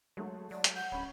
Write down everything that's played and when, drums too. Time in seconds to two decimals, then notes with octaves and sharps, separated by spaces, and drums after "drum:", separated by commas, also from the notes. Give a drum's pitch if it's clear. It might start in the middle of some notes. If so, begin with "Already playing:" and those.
0.17 F#3 G#3 A3
0.51 F#3 D5
0.64 drum: hi-hat
0.75 F#5 G6
0.92 D1 C#4 B5